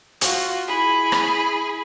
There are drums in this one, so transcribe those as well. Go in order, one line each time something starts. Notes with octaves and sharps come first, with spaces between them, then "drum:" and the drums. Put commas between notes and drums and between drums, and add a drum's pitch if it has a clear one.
F4 F#4, drum: hi-hat
E4 G#4 B5
drum: rim click